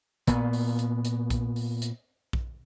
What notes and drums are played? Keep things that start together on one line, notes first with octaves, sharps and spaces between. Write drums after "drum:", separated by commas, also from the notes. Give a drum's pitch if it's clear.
A#2 B3, drum: kick A#1, hi-hat
drum: open hi-hat
drum: hi-hat
drum: hi-hat
drum: kick A#1, hi-hat
drum: open hi-hat
drum: hi-hat
drum: kick A#1